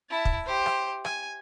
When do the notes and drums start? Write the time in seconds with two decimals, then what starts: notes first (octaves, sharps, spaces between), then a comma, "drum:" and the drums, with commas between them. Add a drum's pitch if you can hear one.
0.10 E4 A5
0.25 drum: kick
0.46 G4 C5
0.66 drum: rim click
1.05 G#5, drum: rim click